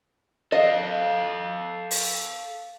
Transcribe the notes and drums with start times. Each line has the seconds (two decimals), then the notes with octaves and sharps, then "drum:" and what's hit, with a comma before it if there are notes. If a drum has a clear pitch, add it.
0.52 A4 D#5 F5
1.91 drum: open hi-hat